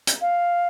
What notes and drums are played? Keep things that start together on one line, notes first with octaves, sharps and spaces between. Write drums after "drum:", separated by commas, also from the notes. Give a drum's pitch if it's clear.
drum: hi-hat
F5